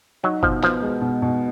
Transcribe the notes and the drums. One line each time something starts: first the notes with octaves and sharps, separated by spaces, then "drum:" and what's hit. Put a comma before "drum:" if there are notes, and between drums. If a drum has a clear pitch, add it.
F#3 D#4
B2 F3, drum: kick
F3 B3, drum: clap
G#3
B2
B2